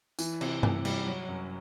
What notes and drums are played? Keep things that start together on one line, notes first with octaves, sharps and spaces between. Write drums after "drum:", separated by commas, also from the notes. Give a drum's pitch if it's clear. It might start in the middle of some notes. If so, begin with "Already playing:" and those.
E3, drum: tambourine
C3, drum: cymbal
C3, drum: tom G2
G3, drum: cymbal
F#3
F#2